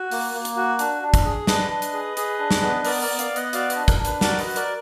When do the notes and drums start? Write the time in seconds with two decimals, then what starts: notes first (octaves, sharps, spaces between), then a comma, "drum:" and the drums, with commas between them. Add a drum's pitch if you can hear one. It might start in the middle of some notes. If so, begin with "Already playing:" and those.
Already playing: F#4
0.11 A#3, drum: open hi-hat
0.34 A#3
0.45 drum: hi-hat
0.56 F#4
0.79 D4, drum: hi-hat
1.03 D4
1.14 drum: kick, hi-hat
1.25 G#4
1.47 D4 B4 D#5, drum: snare
1.70 D4
1.82 drum: hi-hat
1.93 G#4
2.17 G#4, drum: hi-hat
2.39 D4
2.51 drum: snare
2.62 B3
2.85 B3 A#4 D5, drum: open hi-hat
3.02 A#4 D5, drum: open hi-hat
3.08 B3
3.19 D5 F5, drum: hi-hat
3.30 B3
3.36 D#5 F#5, drum: hi-hat
3.53 F#4 D5 F5, drum: hi-hat
3.70 B4 D#5, drum: hi-hat
3.76 D4
3.88 A#4, drum: kick, hi-hat
3.99 D4
4.05 B4, drum: hi-hat
4.21 F#4 A#4 D5, drum: snare
4.39 B4 D#5, drum: open hi-hat
4.45 F#4
4.56 A#4 D5, drum: hi-hat